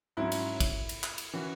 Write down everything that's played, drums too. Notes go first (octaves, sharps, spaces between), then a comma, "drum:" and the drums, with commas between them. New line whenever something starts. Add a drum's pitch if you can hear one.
G#2 F#3 C#4 E4
drum: cymbal
drum: kick, cymbal
drum: cymbal
drum: clap
drum: cymbal
E3 C#4 F#4